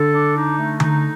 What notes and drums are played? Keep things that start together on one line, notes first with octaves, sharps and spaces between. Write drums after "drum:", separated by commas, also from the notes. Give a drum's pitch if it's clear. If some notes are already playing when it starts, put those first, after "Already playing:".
Already playing: D3 A4
D4
D#4
A3
D#4, drum: tom D3